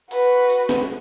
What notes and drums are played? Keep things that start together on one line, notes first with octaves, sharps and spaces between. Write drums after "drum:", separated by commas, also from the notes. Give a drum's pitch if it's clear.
F#4 B4, drum: hi-hat
drum: hi-hat
drum: snare